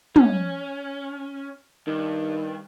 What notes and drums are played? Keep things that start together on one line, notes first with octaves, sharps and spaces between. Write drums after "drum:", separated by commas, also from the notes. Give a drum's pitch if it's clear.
C#4, drum: tom
G2 D#3